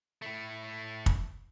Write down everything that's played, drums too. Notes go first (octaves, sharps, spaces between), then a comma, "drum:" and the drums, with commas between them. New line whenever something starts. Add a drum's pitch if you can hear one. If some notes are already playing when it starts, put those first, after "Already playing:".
A2 A3
drum: kick